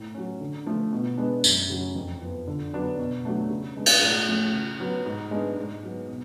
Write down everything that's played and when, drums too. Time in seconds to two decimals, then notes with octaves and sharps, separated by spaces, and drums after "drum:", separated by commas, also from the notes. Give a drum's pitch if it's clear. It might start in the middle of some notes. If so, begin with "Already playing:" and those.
Already playing: A2
0.14 F#3 C#4
0.40 D3
0.66 F3 A3
0.92 B2
1.17 G#3 B3 D4
1.44 F#2, drum: tambourine
1.70 C#3 F#3 C#4
1.95 F2
2.21 F3 B3
2.47 D3
2.73 F#3 B3 D4
2.99 B2
3.25 F#3 A3 D4
3.50 C#3
3.77 G#3 B3 D4
3.86 drum: cymbal
4.02 A2
4.28 F3 A3 C#4
4.54 C#3
4.80 F#3 B3
5.06 G#2
5.31 G#3 B3 D4
5.57 G#2
5.83 F#3 B3
6.09 B2